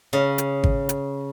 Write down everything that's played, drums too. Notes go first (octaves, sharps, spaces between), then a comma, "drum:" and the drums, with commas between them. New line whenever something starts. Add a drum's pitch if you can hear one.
C#3
drum: hi-hat
drum: kick G#1
drum: hi-hat